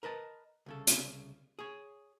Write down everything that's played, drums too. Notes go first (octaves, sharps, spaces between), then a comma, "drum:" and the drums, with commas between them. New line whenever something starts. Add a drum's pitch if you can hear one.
A#4 B4 D#5 A5
C2 C#3 A4
drum: hi-hat
G#4 C#5